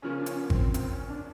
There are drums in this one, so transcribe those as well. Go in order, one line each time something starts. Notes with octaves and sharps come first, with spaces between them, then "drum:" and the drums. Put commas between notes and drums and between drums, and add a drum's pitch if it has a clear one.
C#3 F3 A#3 C#4
D4
C#4, drum: hi-hat
B3
C4, drum: kick G#1
C4, drum: hi-hat
C#4
D4